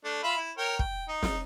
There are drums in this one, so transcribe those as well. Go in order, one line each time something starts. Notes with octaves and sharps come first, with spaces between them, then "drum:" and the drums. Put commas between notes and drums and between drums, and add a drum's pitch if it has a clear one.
A3 D4
F4 E5 B5
E4
A#4 C#5 G5
G5, drum: kick
D#4
drum: snare